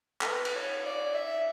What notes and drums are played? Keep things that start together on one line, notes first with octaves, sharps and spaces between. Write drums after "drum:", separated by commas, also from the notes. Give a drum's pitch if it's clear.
A4, drum: clap
B4
drum: cymbal
C#5
D5
E5